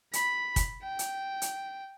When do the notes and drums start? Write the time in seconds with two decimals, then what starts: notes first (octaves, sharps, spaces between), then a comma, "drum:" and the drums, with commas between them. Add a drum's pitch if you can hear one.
0.13 B5, drum: hi-hat
0.56 drum: kick, hi-hat
0.83 G5
0.99 drum: hi-hat
1.42 drum: hi-hat